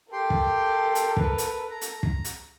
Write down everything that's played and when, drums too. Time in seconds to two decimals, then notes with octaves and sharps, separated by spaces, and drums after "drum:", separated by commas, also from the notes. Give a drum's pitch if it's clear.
0.12 G4 A4 A#4 G5 C6
0.30 drum: kick
0.95 drum: hi-hat
1.17 B4, drum: kick
1.38 drum: hi-hat
1.71 A#5
1.81 drum: hi-hat
2.03 drum: kick
2.25 drum: hi-hat